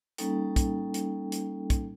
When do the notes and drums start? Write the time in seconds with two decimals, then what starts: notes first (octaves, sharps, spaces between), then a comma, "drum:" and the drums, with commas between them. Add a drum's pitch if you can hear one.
0.18 G3 A#3 C#4 D#4 A4 G5, drum: hi-hat
0.56 drum: kick, hi-hat
0.94 drum: hi-hat
1.32 drum: hi-hat
1.70 drum: kick, hi-hat